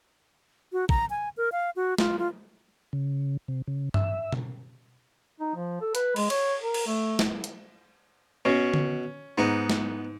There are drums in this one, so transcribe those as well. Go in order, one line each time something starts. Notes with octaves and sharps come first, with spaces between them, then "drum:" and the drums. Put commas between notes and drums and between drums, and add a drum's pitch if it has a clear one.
F#4
A#5, drum: kick
G#5
A#4
F5
F#4
F4, drum: snare
F4
C#3
C3
C#3
E5, drum: tom G2
drum: tom B2
D#4
F3
A4
B4, drum: hi-hat
G#3, drum: cymbal
C#5, drum: cymbal
A#4
drum: cymbal
A3
drum: snare
drum: hi-hat
B2 C#4
drum: tom D3
G#2 B3 D#4
drum: snare